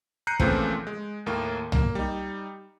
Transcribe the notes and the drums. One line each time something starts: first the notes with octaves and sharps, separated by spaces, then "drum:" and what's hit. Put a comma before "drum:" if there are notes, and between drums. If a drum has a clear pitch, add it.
A#5 F#6 G6 C7 C#7 D#7
A#2 C#3 E3 F3 A3 C4, drum: kick
G#3
D#2 A2 A#3
A#3, drum: tom C2
G3 D#4